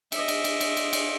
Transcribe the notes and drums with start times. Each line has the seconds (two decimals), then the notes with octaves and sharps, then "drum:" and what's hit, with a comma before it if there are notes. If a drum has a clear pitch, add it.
0.12 D#5 E5, drum: cymbal
0.28 drum: cymbal
0.44 drum: cymbal
0.60 drum: cymbal
0.77 drum: cymbal
0.93 drum: cymbal